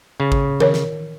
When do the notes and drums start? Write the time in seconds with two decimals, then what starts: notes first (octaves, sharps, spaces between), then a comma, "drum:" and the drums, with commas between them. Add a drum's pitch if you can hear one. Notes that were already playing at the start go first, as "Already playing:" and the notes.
0.20 C#3
0.32 drum: kick G#1
0.60 A#4 C#5, drum: tom D#3
0.74 drum: snare